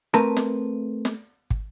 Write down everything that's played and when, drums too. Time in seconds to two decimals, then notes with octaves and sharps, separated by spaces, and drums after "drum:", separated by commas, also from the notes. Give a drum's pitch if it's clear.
0.14 A3 C4 A#4 B4 A5
0.37 drum: snare
1.05 drum: snare
1.50 drum: kick